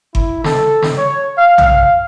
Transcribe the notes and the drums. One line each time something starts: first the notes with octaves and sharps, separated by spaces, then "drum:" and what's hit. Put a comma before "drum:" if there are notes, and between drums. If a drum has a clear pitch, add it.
E4, drum: kick G1
A4, drum: snare
drum: snare
C#5
F5
drum: tom B1
F5